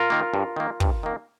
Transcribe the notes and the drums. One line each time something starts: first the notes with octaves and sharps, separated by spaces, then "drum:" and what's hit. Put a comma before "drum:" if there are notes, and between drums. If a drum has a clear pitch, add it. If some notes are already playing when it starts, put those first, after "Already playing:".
Already playing: F4 A#4
D#3 A#3
G2
D#3 A#3
G2, drum: kick
D#3 A#3